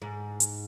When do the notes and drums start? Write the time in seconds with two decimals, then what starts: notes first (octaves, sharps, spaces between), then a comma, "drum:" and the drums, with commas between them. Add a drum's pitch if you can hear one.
0.02 G#2
0.40 drum: hi-hat